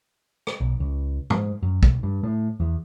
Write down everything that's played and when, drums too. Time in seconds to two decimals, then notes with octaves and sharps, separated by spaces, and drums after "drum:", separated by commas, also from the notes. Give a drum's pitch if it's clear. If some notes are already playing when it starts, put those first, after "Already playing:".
0.47 drum: rim click
0.61 B1
0.80 C#2
1.30 G#2, drum: tom
1.63 F#2
1.83 B1, drum: kick
2.03 G2
2.23 A2
2.60 E2